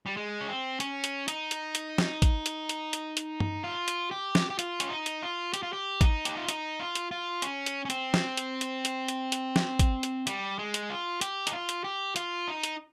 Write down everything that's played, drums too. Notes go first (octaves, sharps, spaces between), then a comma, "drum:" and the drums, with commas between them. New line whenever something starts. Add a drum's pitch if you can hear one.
G3
G#3
C#4
C4
C#4, drum: hi-hat
drum: hi-hat
D#4, drum: hi-hat
drum: hi-hat
drum: hi-hat
drum: snare
drum: kick, hi-hat
drum: hi-hat
drum: hi-hat
drum: hi-hat
drum: hi-hat
drum: tom G2
F4
drum: hi-hat
G4
drum: snare
G4
F4, drum: hi-hat
C#4, drum: hi-hat
D#4
drum: hi-hat
F4
G4, drum: hi-hat
F4
G4
D#4, drum: kick, hi-hat
G4, drum: hi-hat
F4
D#4, drum: hi-hat
F4
drum: hi-hat
F4
C#4, drum: hi-hat
drum: hi-hat
C#4
C4, drum: hi-hat
drum: snare
drum: hi-hat
drum: hi-hat
drum: hi-hat
drum: hi-hat
drum: hi-hat
drum: snare
drum: kick, hi-hat
drum: hi-hat
G3, drum: hi-hat
G#3
drum: hi-hat
F4
G4, drum: hi-hat
D#4, drum: hi-hat
F4
drum: hi-hat
G4
F4, drum: hi-hat
D#4
drum: hi-hat